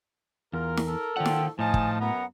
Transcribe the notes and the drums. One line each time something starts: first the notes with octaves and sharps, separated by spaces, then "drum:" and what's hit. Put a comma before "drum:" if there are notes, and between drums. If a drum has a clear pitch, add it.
E2 F4 A#4
drum: snare
A4
A#2 D3 D#3 F3 F#5 G5
drum: snare
A2 F3 D#4 D#5 G#5 A5
drum: kick
F#2 B3 F#5 A#5